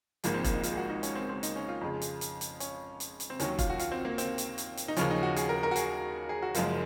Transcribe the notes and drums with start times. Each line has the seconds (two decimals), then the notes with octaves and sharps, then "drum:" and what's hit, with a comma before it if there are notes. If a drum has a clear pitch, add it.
0.24 G#1 G#2 F3 G#3 A#3, drum: hi-hat
0.34 C4
0.44 A#3, drum: kick E1, hi-hat
0.53 D#4
0.63 F4, drum: hi-hat
0.72 G#4
0.77 F#4
0.89 D#4
1.03 C#4, drum: hi-hat
1.16 C4
1.29 C4
1.43 D#4, drum: hi-hat
1.56 C#4
1.68 F4
1.81 F2 C#3 G#3
2.02 drum: hi-hat
2.21 drum: hi-hat
2.41 drum: hi-hat
2.60 C#4, drum: hi-hat
3.00 drum: hi-hat
3.20 drum: hi-hat
3.30 C4
3.40 D#2 D#3 F#3 C#4, drum: hi-hat
3.59 F4, drum: kick E1, hi-hat
3.70 F#4
3.79 F4, drum: hi-hat
3.92 C4
4.05 A#3
4.18 C4, drum: hi-hat
4.38 drum: hi-hat
4.58 drum: hi-hat
4.77 drum: hi-hat
4.88 D#4
4.96 D#2 C#3 F3 C#4, drum: hi-hat
5.11 D#4
5.23 F#4
5.36 G#4, drum: hi-hat
5.49 A#4
5.63 A#4
5.71 F#4
5.76 G#4, drum: hi-hat
6.29 G#4
6.42 F#4
6.55 F#1 F#2 F3 G#3 F4, drum: hi-hat